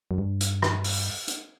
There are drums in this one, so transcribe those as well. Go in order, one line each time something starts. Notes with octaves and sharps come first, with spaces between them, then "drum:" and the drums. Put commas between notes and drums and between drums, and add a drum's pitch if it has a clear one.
F#2
G2
drum: hi-hat
drum: rim click
drum: open hi-hat
drum: hi-hat